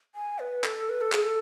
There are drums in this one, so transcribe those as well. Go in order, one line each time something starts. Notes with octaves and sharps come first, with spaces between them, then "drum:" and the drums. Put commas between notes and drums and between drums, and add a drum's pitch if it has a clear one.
G#5
B4
A4, drum: clap
B4
A4
G#4, drum: clap
A4